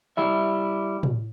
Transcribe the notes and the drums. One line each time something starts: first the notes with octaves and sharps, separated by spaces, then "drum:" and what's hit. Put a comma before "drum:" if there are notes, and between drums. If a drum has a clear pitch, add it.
G3 E4 E5
drum: tom A2